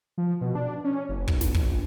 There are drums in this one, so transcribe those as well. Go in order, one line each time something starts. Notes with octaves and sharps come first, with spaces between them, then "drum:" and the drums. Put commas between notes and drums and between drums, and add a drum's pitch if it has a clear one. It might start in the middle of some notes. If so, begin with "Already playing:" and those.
F3
B2
D4
C#4
F#1
B1, drum: kick
drum: snare
A#1, drum: kick